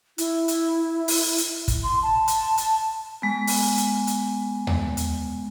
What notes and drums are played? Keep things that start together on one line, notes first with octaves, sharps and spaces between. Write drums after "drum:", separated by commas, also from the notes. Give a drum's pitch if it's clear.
E4, drum: hi-hat
drum: hi-hat
drum: open hi-hat
drum: hi-hat
drum: kick, hi-hat
C6
A5
drum: hi-hat
drum: hi-hat
G#3 B3
drum: open hi-hat
drum: hi-hat
drum: hi-hat
drum: tom D#2
drum: hi-hat